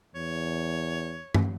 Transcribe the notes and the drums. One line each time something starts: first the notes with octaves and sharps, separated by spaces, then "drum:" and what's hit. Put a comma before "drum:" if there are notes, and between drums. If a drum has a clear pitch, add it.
E2 C#5
drum: tom G2